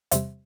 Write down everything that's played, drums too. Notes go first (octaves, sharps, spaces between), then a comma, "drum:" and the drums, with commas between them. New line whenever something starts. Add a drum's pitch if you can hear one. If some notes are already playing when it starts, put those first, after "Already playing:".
E2 C3 G3 C5 E5, drum: hi-hat